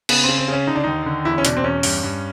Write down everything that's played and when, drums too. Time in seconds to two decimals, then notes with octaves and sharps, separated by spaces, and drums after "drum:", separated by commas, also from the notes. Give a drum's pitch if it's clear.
0.09 C#3 B3, drum: cymbal
0.24 C4
0.29 C#3
0.38 C4
0.48 C#3 C#4
0.67 D3 D#4
0.75 D4
0.84 D#2 D#4
1.06 D3
1.25 E2 E4
1.38 C#4
1.45 B2 D4, drum: hi-hat
1.57 C4
1.64 E2 C#4
1.83 G2, drum: open hi-hat
2.03 G2